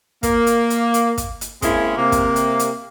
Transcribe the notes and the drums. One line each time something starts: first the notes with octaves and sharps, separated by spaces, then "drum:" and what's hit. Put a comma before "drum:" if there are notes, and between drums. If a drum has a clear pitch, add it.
A#3, drum: kick, hi-hat
drum: hi-hat
drum: hi-hat
drum: hi-hat
drum: kick, hi-hat
drum: hi-hat
G#3 A#3 C4 C#4 E4 G#4, drum: kick, hi-hat
C3 A#3
drum: kick, hi-hat
drum: hi-hat
drum: hi-hat